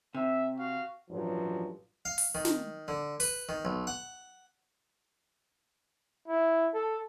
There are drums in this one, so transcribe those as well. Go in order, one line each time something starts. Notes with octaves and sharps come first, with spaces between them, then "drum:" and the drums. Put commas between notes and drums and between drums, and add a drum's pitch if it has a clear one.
C3 E5
F#4 F5
A1 G2 F3 F#3
F5
drum: open hi-hat
D#3
drum: snare
D3
B4, drum: open hi-hat
D#3
B1
F#5
E4
A4